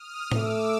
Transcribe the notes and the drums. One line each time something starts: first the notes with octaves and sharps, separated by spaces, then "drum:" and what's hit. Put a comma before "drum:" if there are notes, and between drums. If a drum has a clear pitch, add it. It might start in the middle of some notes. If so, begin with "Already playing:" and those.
Already playing: D#6 F6
A3 D6 E6, drum: tom A2